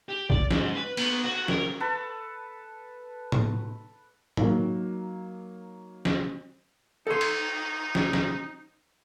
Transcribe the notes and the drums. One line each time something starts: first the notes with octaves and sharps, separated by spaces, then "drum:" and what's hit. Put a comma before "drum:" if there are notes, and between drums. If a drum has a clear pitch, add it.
G4
D5, drum: kick
G#2, drum: snare
B4
B3, drum: cymbal
F#4
A#4, drum: snare
A4 B4 A5
drum: tom A2
F#3 A#3 D#4, drum: tom G#2
drum: snare
D#4 A4 C6
drum: cymbal
drum: snare
drum: snare